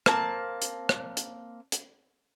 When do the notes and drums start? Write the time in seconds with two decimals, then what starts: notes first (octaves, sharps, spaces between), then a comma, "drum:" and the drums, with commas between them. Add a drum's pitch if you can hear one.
0.06 A#3 C4 A5, drum: rim click
0.62 drum: hi-hat
0.89 drum: rim click
1.17 drum: hi-hat
1.72 drum: hi-hat